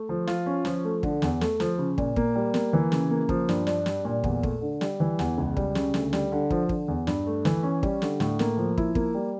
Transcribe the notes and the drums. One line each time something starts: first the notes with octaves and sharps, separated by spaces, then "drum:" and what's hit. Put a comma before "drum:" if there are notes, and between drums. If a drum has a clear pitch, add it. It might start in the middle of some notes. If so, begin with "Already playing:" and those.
Already playing: A3
F3
F4, drum: snare
C#4
F3, drum: snare
A3
D3, drum: kick
E2, drum: snare
A3, drum: snare
F3, drum: snare
C#3
A#2, drum: kick
A#3, drum: kick
G3
A#3, drum: snare
E3
C#3, drum: snare
A#3
F3, drum: kick
G2, drum: snare
D4, drum: snare
G3, drum: snare
A#2
E2, drum: kick
A3, drum: kick
D3
G3, drum: snare
E3
E2, drum: snare
C#2
G3, drum: kick
C#3, drum: snare
D2, drum: snare
G3, drum: snare
D3
F3, drum: kick
D3, drum: kick
E2
G2, drum: snare
A3
E3, drum: snare
C#4
G3, drum: kick
D3, drum: snare
A2, drum: snare
A#3, drum: snare
F3
E4, drum: kick
A#3, drum: kick
G3